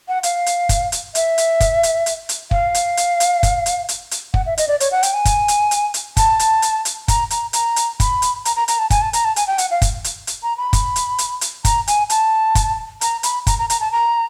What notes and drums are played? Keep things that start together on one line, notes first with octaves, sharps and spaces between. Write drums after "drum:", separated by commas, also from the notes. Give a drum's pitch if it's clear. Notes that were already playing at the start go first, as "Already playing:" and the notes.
F#5
F5, drum: hi-hat
drum: hi-hat
drum: kick, hi-hat
drum: hi-hat
E5, drum: hi-hat
drum: hi-hat
drum: kick, hi-hat
drum: hi-hat
drum: hi-hat
drum: hi-hat
F5, drum: kick
drum: hi-hat
drum: hi-hat
drum: hi-hat
drum: kick, hi-hat
drum: hi-hat
drum: hi-hat
drum: hi-hat
F#5, drum: kick
E5
D#5, drum: hi-hat
D5
C#5, drum: hi-hat
F#5
G5, drum: hi-hat
G#5
drum: kick, hi-hat
drum: hi-hat
drum: hi-hat
drum: hi-hat
A5, drum: kick, hi-hat
drum: hi-hat
drum: hi-hat
drum: hi-hat
A#5, drum: kick, hi-hat
A#5, drum: hi-hat
A#5, drum: hi-hat
drum: hi-hat
B5, drum: kick, hi-hat
drum: hi-hat
A#5, drum: hi-hat
A#5
A#5, drum: hi-hat
A5
G#5, drum: kick, hi-hat
A5
A#5, drum: hi-hat
A5
G#5, drum: hi-hat
G5
F#5, drum: hi-hat
F5
drum: kick, hi-hat
drum: hi-hat
drum: hi-hat
A#5
B5
drum: kick, hi-hat
drum: hi-hat
drum: hi-hat
drum: hi-hat
A#5, drum: kick, hi-hat
G#5, drum: hi-hat
A5, drum: hi-hat
drum: kick, hi-hat
A#5, drum: hi-hat
B5, drum: hi-hat
A#5, drum: kick, hi-hat
A#5
A#5, drum: hi-hat
A5
A#5